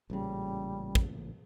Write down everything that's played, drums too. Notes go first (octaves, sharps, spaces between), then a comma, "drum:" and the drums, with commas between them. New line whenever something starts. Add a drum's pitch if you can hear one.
A1 A#2 C#3 G3
drum: kick